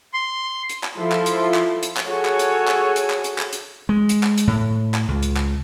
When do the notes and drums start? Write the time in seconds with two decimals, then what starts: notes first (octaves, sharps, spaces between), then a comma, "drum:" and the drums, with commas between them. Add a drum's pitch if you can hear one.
0.13 C6
0.69 drum: hi-hat
0.84 drum: clap
0.96 F3 E4 A4 C6
1.12 drum: clap
1.26 drum: hi-hat
1.54 drum: clap
1.83 drum: hi-hat
1.97 drum: clap
2.08 F#4 G#4 A4 C#5 G#5
2.25 drum: clap
2.39 drum: hi-hat
2.68 drum: clap
2.96 drum: hi-hat
3.10 drum: clap
3.24 drum: hi-hat
3.38 drum: clap
3.53 drum: hi-hat
3.89 G#3
4.09 drum: hi-hat
4.23 drum: clap
4.38 drum: hi-hat
4.47 A2
4.94 drum: clap
5.08 C#2
5.23 drum: hi-hat
5.37 drum: clap